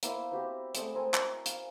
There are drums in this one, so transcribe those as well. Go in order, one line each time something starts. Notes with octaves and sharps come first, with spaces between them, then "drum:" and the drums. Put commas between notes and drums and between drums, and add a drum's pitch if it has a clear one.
A#3 B3 E4 C5, drum: hi-hat
B3 C4 F#4 G4
G#3 A3 C4, drum: hi-hat
G#3 C4 A#4 G#5
A#4 C#6, drum: clap
F5, drum: hi-hat